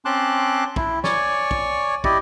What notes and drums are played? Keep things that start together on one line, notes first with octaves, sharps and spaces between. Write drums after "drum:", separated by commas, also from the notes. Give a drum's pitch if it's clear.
C4 C#4 A5 C6 D6 F#6
E4, drum: kick
C#5 D5 G#5 C#6, drum: snare
drum: kick
E4 G4 D5 D#5, drum: kick